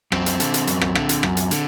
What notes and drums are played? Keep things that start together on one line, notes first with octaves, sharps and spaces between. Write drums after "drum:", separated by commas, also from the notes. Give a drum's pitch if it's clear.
F#2 C4, drum: rim click
drum: hi-hat
D3, drum: hi-hat
drum: hi-hat
F#2, drum: hi-hat
drum: rim click
D3, drum: rim click
drum: hi-hat
F#2, drum: rim click
drum: hi-hat
D3, drum: hi-hat